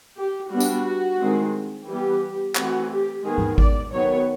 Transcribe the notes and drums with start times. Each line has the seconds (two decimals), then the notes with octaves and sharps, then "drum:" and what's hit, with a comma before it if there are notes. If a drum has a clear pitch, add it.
0.17 G4
0.51 G3 B3 D4 F#4
0.60 drum: tambourine
1.20 D#3 G#3 C4
1.87 E3 G3 B3 G4
2.55 E3 A3 C4 F#4, drum: clap
2.90 G4
3.23 D#3 G#3 B3 G#4
3.38 drum: tom G#2
3.58 D5, drum: kick G#1
3.92 D#3 F#3 B3 C#5